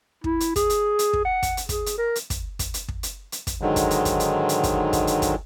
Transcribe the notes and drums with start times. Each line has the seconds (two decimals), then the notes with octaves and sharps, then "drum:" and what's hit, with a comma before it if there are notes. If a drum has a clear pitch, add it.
0.24 E4, drum: kick
0.40 drum: hi-hat
0.56 G#4, drum: kick, hi-hat
0.70 drum: hi-hat
0.99 drum: hi-hat
1.13 drum: kick
1.25 F#5
1.43 drum: kick, hi-hat
1.57 drum: hi-hat
1.69 G#4, drum: kick, hi-hat
1.86 drum: hi-hat
1.98 A#4
2.15 drum: hi-hat
2.30 drum: kick, hi-hat
2.59 drum: kick, hi-hat
2.74 drum: hi-hat
2.88 drum: kick
3.03 drum: hi-hat
3.32 drum: hi-hat
3.47 drum: kick, hi-hat
3.61 G#2 D3 D#3 F#3 G#3
3.76 drum: kick, hi-hat
3.91 drum: hi-hat
4.05 drum: kick, hi-hat
4.20 drum: hi-hat
4.49 drum: hi-hat
4.63 drum: kick, hi-hat
4.93 drum: kick, hi-hat
5.07 drum: hi-hat
5.22 drum: kick, hi-hat